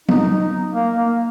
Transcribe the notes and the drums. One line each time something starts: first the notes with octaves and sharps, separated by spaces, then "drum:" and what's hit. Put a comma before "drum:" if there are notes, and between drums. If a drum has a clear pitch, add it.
D#4, drum: tom
D#4
A#3
A#3